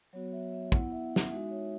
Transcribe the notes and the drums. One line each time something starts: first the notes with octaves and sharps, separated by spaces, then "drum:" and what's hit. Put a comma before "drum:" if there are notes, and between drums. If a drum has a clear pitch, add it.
F#3 B3 F#4 C#5
E5
E5
B3 E4 F#5, drum: kick
E5
drum: snare
G#3 D#4 F#4 E5
C#5